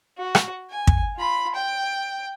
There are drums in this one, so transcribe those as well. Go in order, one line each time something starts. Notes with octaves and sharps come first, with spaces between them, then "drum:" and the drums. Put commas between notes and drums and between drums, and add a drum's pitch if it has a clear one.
F#4
drum: rim click
G#5
drum: kick
F4 B5
G5